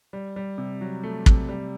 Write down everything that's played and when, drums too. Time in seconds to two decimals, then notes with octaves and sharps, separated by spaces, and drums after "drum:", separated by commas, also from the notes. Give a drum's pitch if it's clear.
0.13 G3
0.36 G3
0.58 C3
0.81 F#3
1.03 A3
1.26 C3, drum: kick
1.49 G3